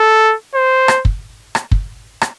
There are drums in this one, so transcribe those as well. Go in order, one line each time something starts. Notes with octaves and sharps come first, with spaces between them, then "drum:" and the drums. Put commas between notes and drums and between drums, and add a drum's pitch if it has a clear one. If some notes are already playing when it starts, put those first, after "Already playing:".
Already playing: A4
C5
drum: rim click
drum: kick
drum: rim click
drum: kick
drum: rim click